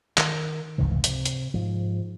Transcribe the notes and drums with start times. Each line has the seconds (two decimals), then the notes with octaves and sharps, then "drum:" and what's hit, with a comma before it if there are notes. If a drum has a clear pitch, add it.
0.18 D#3, drum: clap
0.78 F1 C#2 G#2 E3
1.04 C3, drum: hi-hat
1.25 drum: hi-hat
1.54 G#2 F3